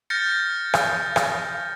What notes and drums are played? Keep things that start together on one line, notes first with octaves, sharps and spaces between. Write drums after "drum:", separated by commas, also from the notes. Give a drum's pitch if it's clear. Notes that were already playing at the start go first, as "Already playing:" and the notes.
F6 G6 A6 A#6 C#7
drum: rim click
drum: rim click